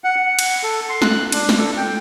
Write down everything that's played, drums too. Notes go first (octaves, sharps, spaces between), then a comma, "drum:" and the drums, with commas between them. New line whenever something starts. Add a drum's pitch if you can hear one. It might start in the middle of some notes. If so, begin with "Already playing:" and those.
F#5
F#5
drum: cymbal
A4
C6
F#6, drum: snare
D4, drum: cymbal
drum: snare
A4
G5